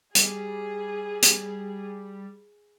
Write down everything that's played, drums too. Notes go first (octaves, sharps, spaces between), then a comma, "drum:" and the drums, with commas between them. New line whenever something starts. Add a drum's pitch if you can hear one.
G3 G#4, drum: hi-hat
drum: hi-hat